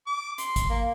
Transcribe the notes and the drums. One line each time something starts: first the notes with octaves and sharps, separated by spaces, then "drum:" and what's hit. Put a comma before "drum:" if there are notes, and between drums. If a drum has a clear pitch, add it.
D6
C6, drum: hi-hat
drum: kick G#1, hi-hat
A#3